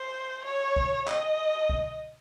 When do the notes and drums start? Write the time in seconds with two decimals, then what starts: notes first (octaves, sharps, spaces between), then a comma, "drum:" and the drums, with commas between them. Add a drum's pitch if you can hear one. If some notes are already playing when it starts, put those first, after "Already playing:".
Already playing: C5
0.45 C#5
0.76 drum: kick C2
1.08 D#5, drum: clap
1.70 drum: kick C2